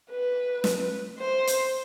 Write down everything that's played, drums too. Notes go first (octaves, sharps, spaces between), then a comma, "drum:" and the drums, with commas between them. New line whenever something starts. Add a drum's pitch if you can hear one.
B4
drum: snare
C5
drum: hi-hat